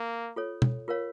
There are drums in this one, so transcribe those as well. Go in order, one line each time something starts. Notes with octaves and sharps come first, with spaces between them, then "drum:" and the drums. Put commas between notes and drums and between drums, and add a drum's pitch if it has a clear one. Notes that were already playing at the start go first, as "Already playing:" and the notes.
Already playing: A#3
F4 A4 C#5
drum: tom B2
F4 A#4 C#5 F5